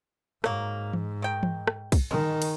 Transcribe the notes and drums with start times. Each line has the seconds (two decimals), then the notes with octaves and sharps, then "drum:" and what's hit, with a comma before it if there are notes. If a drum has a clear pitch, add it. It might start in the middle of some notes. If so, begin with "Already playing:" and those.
0.44 G#2 F#3 A#3, drum: rim click
0.93 drum: tom E3
1.22 D#3 G5
1.43 drum: tom E3
1.67 drum: rim click
1.92 drum: kick, cymbal
2.11 D#3 G#3
2.42 drum: cymbal